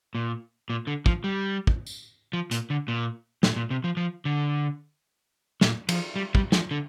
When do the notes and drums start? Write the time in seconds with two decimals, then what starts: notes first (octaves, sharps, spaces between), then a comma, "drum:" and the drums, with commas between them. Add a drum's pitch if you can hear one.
0.15 A#2
0.70 A#2
0.87 D3
1.06 F3, drum: kick
1.24 G3
1.67 drum: kick
1.87 drum: tambourine
2.33 F3
2.51 A#2, drum: hi-hat
2.70 D3
2.88 A#2
3.43 A#2, drum: snare
3.56 A#2
3.70 C3
3.84 F3
3.97 F3
4.25 D3
5.61 A#2, drum: snare
5.89 F3, drum: cymbal
6.16 G3
6.35 G3, drum: kick
6.52 F3, drum: snare
6.71 D3